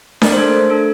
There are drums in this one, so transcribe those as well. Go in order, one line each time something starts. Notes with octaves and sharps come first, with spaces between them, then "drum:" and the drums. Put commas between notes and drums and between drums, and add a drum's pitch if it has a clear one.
A3 A#4 D5, drum: snare D4
C5
D4 A4
A3
D4 A4